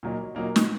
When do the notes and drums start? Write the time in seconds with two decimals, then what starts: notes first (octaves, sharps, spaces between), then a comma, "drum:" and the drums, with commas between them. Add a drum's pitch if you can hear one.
0.03 A#2 F#3 A#3 D#4
0.35 A#2 F#3 A#3 D#4
0.56 drum: snare